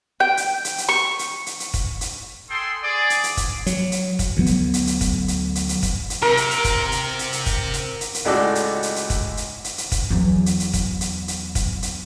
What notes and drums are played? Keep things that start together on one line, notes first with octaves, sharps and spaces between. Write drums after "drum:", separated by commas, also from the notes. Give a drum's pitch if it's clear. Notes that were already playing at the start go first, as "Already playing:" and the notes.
G5
drum: hi-hat
drum: hi-hat
drum: hi-hat
C#6
drum: hi-hat
drum: hi-hat
drum: hi-hat
drum: kick, hi-hat
drum: hi-hat
G#4 A4 G5 C6
G#4 D5
drum: hi-hat
drum: hi-hat
drum: kick, hi-hat
F#3, drum: hi-hat
drum: hi-hat
drum: kick, hi-hat
D2 F#3 B3
drum: hi-hat
drum: hi-hat
drum: hi-hat
drum: kick, hi-hat
drum: hi-hat
drum: hi-hat
drum: hi-hat
drum: kick, hi-hat
drum: hi-hat
C3 A#4
drum: hi-hat
drum: hi-hat
drum: kick, hi-hat
drum: hi-hat
drum: hi-hat
drum: hi-hat
drum: kick, hi-hat
drum: hi-hat
drum: hi-hat
drum: hi-hat
C#2 A2 G#3 F#4 A4 D5
drum: hi-hat
drum: hi-hat
drum: hi-hat
drum: kick, hi-hat
drum: hi-hat
drum: hi-hat
drum: hi-hat
drum: kick, hi-hat
E2 F#3
drum: hi-hat
drum: hi-hat
drum: kick, hi-hat
drum: hi-hat
drum: hi-hat
drum: kick, hi-hat
drum: hi-hat